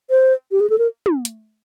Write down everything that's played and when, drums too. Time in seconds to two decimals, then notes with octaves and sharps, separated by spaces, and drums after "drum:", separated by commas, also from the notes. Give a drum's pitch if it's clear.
0.10 C5
0.51 G4
0.60 G#4
0.70 A4
0.78 A#4
1.06 drum: tom
1.25 drum: hi-hat